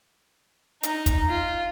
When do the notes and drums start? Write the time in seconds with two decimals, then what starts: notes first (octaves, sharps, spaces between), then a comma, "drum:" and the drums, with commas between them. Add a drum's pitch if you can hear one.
0.83 D#4, drum: hi-hat
1.06 drum: kick, hi-hat
1.29 F4